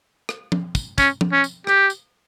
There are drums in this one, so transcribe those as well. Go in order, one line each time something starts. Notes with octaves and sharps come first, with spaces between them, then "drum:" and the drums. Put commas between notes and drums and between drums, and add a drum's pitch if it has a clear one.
drum: rim click
drum: tom F3
drum: kick, tambourine
C#4, drum: kick, tambourine
drum: tom F3
C#4
drum: tambourine
G4, drum: rim click
drum: tambourine